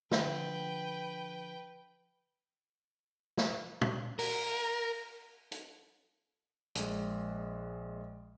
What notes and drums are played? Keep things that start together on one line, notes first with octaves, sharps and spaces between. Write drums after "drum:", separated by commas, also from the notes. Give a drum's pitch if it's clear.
D3 F3 B4 G5, drum: snare
drum: snare
drum: tom
A#4, drum: open hi-hat
drum: hi-hat
A#1 G#3, drum: hi-hat